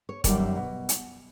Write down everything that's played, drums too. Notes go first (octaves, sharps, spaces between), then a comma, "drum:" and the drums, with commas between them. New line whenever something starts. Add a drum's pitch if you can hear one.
C#5
F#2 D#3 G3 A#3 D5, drum: kick, hi-hat
E5
B2
drum: hi-hat